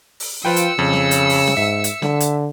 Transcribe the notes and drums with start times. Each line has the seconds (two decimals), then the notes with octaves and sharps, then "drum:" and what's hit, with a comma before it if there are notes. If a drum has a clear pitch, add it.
0.20 drum: open hi-hat
0.45 F3 F4 B4 G5 E6 C#7
0.56 drum: hi-hat
0.79 F2 C#3
0.93 drum: snare
1.11 drum: hi-hat
1.29 drum: open hi-hat
1.47 drum: snare
1.57 G#2 E5
1.84 drum: hi-hat
2.02 D3, drum: snare
2.20 drum: hi-hat